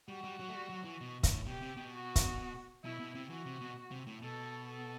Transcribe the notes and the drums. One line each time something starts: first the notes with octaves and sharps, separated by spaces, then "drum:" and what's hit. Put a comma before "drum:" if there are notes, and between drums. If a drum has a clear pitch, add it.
G3 F#4
G3
F#3
A3
G3
F#3
E3
B2
A2, drum: kick, hi-hat
B2 G4
C3
B2
F#4
drum: kick, hi-hat
B2 E4
B2
C3
E3 F#4
C3
B2
C3
A2
B2 A4
A4